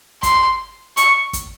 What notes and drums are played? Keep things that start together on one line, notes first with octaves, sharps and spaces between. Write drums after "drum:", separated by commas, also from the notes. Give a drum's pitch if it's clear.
C6, drum: kick, hi-hat
C#6, drum: hi-hat
drum: kick, hi-hat